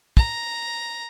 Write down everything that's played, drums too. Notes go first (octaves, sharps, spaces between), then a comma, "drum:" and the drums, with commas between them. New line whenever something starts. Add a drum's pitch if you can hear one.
A#5, drum: kick